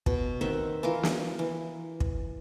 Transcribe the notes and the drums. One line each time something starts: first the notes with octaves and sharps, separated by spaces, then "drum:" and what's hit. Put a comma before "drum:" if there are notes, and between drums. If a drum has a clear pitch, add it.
B2, drum: kick
D#3 C4 E5 F#5
E3 F4 A#4
drum: snare
E3
drum: kick